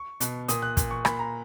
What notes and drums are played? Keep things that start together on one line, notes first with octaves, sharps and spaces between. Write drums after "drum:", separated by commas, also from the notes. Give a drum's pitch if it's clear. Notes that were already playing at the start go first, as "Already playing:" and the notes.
Already playing: C#6
B2, drum: hi-hat
A#2 D#6, drum: hi-hat
F#6
A#2, drum: kick, hi-hat
C#6
A#2 B5, drum: rim click
A#5